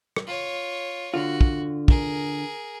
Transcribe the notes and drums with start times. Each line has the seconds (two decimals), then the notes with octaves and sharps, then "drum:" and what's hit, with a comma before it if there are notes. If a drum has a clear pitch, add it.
0.16 drum: rim click
0.27 F4 C#5
1.14 D3 F4 F#4
1.41 drum: kick
1.88 G#4 A#4, drum: kick